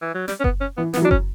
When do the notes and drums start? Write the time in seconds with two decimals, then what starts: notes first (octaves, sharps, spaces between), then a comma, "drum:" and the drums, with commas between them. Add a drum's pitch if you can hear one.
0.02 E3
0.14 F#3
0.28 G3, drum: snare
0.40 C#4
0.44 B3, drum: kick F#1
0.61 C#4
0.77 E3 B3
0.93 B3, drum: snare
0.97 E3
1.02 F#3
1.05 D4
1.11 C#4, drum: kick F#1